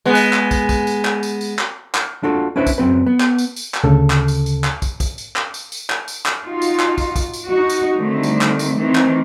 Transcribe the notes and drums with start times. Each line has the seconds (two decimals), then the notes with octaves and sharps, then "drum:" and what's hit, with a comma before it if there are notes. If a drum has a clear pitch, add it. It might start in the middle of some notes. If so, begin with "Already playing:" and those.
0.05 G#3 B3
0.15 drum: tambourine
0.33 drum: clap
0.51 drum: kick, tambourine
0.69 drum: kick, tambourine
0.87 drum: tambourine
1.05 drum: clap
1.23 drum: tambourine
1.41 drum: tambourine
1.59 drum: clap
1.95 drum: clap
2.23 D4 F4 F#4 A4
2.56 C#4 D4 E4 B4 C5
2.67 drum: kick, tambourine
2.78 F#2 F3 C4 B4
3.06 B3
3.20 drum: clap
3.38 drum: tambourine
3.56 drum: tambourine
3.74 drum: clap
3.83 D2 C#3 A4
4.10 drum: clap
4.28 drum: tambourine
4.46 drum: tambourine
4.64 drum: clap
4.82 drum: kick, tambourine
5.00 drum: kick, tambourine
5.18 drum: tambourine
5.36 drum: clap
5.54 drum: tambourine
5.72 drum: tambourine
5.90 drum: clap
6.08 drum: tambourine
6.26 drum: clap
6.47 D#4 F4 F#4
6.62 drum: tambourine
6.80 drum: clap
6.98 drum: kick, tambourine
7.16 drum: kick, tambourine
7.34 drum: tambourine
7.48 D#4 F#4
7.69 drum: tambourine
7.96 D3 D#3 G3 A3 C4
8.23 drum: tambourine
8.41 drum: clap
8.59 drum: tambourine
8.77 D#3 E3 A3 C4
8.95 drum: clap